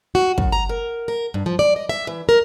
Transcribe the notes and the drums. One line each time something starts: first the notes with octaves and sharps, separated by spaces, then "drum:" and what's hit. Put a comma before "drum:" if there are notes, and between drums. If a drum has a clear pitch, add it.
F#4
F#2, drum: kick
A#5
A#4
A#4
G2
F3
D5
D#5
E5
E3
A#4